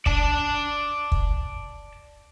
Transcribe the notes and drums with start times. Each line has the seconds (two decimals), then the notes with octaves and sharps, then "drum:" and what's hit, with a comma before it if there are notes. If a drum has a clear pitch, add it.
0.06 D5 A5, drum: kick
1.12 drum: kick